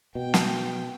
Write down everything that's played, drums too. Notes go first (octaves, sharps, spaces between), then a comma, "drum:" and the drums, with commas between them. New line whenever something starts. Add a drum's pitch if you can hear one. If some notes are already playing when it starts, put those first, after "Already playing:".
B2 G5
drum: snare